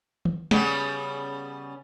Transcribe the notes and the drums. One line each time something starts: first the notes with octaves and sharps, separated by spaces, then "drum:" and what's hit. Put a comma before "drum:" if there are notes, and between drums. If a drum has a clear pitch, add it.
drum: tom
C#3 G3 B3, drum: snare